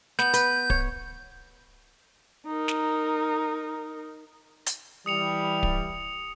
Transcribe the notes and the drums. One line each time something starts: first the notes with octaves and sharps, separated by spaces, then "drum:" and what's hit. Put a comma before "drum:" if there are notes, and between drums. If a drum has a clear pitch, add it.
B3 G6, drum: snare
B4, drum: hi-hat
C#5, drum: kick D1
D#4 A#4
drum: snare
drum: hi-hat
E3 G3 D#6 C#7 F7
drum: kick D1